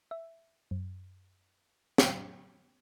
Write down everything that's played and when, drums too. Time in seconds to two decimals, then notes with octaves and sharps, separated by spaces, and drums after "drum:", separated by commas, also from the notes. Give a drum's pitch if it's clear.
0.11 E5
0.71 F#2
1.98 F5, drum: snare